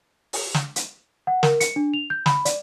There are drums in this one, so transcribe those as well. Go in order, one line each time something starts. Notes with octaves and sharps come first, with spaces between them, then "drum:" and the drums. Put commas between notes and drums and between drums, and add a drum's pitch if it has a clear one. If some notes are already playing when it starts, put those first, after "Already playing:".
drum: open hi-hat
drum: snare
drum: hi-hat
F#5
A#4, drum: snare
C#7, drum: hi-hat
D4
F7
G6
B5, drum: snare
D5, drum: hi-hat